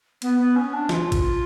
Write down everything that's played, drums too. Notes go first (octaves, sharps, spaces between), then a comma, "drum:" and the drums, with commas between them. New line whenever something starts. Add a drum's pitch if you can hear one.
B3, drum: cymbal
B3
C#4
D4
F4, drum: snare
drum: kick A1, cymbal